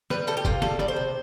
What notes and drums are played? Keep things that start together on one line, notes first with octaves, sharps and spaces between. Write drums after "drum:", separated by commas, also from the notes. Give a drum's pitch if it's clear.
G3 B4, drum: snare
C3 A4, drum: tambourine
G4
C3 F4, drum: kick F#1, tambourine
G3 A4, drum: snare
G3 D5, drum: snare
C5
C3